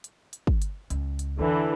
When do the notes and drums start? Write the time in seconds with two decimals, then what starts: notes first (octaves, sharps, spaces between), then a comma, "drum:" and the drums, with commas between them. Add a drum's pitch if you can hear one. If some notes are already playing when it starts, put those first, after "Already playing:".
0.04 drum: hi-hat
0.33 drum: hi-hat
0.47 drum: kick
0.62 drum: hi-hat
0.90 C#2, drum: hi-hat
1.19 drum: hi-hat
1.40 E2 D3 E3